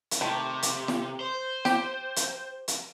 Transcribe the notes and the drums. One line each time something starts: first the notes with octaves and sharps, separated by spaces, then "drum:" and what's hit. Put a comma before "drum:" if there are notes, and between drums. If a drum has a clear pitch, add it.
drum: hi-hat
C3 D#3 A3
drum: hi-hat
drum: snare
C5
G4, drum: snare
drum: hi-hat
drum: hi-hat